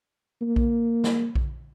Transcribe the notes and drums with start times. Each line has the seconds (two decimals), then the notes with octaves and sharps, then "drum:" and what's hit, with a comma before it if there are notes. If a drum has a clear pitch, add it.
0.41 A#3
0.56 drum: kick A#1
1.04 drum: snare
1.35 drum: kick A#1